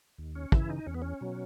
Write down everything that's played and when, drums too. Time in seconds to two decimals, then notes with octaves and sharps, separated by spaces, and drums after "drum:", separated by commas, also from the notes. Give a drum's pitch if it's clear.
0.18 D#2
0.35 C#4
0.52 C#3 E3 E4, drum: kick
0.69 D#4
0.86 E2 C#4
0.94 B3
1.02 C#4
1.21 B2 F#3